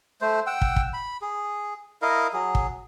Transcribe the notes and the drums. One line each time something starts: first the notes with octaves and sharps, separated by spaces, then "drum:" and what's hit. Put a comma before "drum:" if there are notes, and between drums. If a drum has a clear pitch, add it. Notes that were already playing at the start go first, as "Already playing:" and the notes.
A3 C5
F#5 G5 E6
drum: kick
drum: kick
B5
G#4
E4 A#4 D#5 F5
F#3 G#4
drum: kick